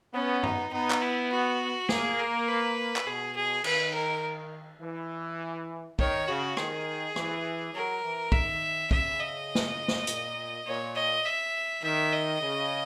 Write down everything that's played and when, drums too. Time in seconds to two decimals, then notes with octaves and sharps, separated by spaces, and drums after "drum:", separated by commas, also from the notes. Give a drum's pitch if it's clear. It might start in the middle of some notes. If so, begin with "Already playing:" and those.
0.14 B3 C#4
0.43 D#4, drum: tom G2
0.72 B3 D#4
0.91 drum: clap
1.02 E4
1.32 F#4
1.89 A#3 G#4, drum: snare
2.19 A#4
2.48 B4
2.96 drum: clap
3.07 B2 G#4
3.36 G#4
3.64 D#3 B4, drum: cymbal
3.94 A#4
4.81 E3
5.99 D#3 C#5, drum: kick
6.28 C#3 F#4
6.57 D#3 G#4, drum: rim click
7.16 E3, drum: rim click
7.74 F#3 A#4
8.03 E3
8.32 D#3 E5, drum: kick
8.91 C#3 E5, drum: kick
9.20 D#5
9.55 drum: snare
9.88 drum: snare
10.07 A#2, drum: hi-hat
10.66 A#2 C#5
10.96 D#5
11.25 E5
11.83 D#3 E5
12.12 D#5
12.41 C#3